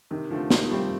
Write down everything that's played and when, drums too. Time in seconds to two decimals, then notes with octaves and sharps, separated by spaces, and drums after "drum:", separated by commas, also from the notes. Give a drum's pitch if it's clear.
0.11 C3 D#3
0.30 D3 F3 A3 C4
0.50 C3 D#3, drum: snare
0.70 F3 G3 A3 C4